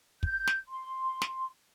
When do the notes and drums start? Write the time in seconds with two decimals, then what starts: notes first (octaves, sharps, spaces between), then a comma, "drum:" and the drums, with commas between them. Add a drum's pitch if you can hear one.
0.23 G6, drum: kick
0.47 drum: snare
0.68 C6
1.22 drum: snare